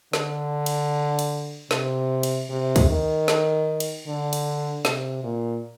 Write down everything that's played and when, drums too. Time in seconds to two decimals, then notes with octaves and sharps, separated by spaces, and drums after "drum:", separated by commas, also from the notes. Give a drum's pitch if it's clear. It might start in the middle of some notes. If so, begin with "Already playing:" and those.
0.13 D3, drum: snare
0.66 drum: cymbal
1.19 drum: cymbal
1.71 C3, drum: snare
2.23 drum: cymbal
2.50 C3
2.76 drum: kick, cymbal
2.88 D#3
3.28 drum: snare
3.80 drum: cymbal
4.07 D3
4.33 drum: cymbal
4.85 C3, drum: snare
5.24 A#2